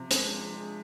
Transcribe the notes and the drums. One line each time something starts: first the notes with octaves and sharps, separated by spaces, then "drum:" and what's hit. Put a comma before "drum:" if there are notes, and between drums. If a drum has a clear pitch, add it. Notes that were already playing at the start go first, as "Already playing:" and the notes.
Already playing: C3 F3
G#3 D4 G#4, drum: hi-hat
F3
G#3 D4 G#4